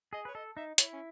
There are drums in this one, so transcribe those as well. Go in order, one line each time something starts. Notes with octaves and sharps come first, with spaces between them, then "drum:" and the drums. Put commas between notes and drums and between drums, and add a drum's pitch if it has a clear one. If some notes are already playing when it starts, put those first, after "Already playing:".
G#4 D#5
B4 C#5
A4 D#5
D#4 E5
E4 C#5, drum: hi-hat
C#4